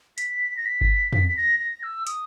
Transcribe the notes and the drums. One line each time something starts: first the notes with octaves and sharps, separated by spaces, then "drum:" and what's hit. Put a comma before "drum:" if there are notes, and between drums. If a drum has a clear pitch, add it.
B6, drum: hi-hat
A#6
B6
drum: kick G1
B6, drum: tom
B6
A#6
A#6
E6
D#6, drum: hi-hat